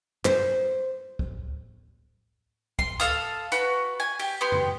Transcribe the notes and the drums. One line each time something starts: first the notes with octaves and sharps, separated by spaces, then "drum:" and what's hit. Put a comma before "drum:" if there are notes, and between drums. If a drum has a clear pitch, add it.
C5, drum: clap
drum: kick
C6, drum: kick
A4 F5 D#6, drum: hi-hat
F#4 B4, drum: hi-hat
G#5
G4, drum: open hi-hat
B3 G4 C6
drum: tom F2